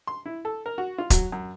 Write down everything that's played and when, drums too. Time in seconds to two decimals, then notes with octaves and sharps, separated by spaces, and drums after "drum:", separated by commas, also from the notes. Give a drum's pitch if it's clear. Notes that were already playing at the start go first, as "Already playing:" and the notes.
0.07 C6
0.26 E4
0.45 A4
0.66 A#4
0.78 F#4
0.98 F4
1.10 F#3, drum: kick, hi-hat
1.32 F#2